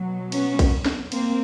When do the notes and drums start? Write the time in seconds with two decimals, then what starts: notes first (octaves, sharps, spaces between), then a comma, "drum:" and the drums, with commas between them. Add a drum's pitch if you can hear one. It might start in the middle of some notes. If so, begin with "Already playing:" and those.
Already playing: B2 F#3
0.32 B3 C#4, drum: cymbal
0.59 drum: kick, cymbal
0.86 drum: snare
1.12 A#3 C4, drum: cymbal